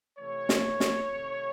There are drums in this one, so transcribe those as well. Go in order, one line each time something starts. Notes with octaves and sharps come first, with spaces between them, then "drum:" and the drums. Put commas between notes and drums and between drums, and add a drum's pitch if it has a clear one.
C3 E3 A3 C#5
drum: snare
drum: snare
C3 D#3 A3 C4